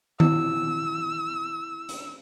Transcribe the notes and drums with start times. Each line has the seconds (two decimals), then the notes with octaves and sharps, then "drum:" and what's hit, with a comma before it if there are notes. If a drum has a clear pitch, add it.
0.20 E4 E6, drum: tom D#3
1.89 drum: hi-hat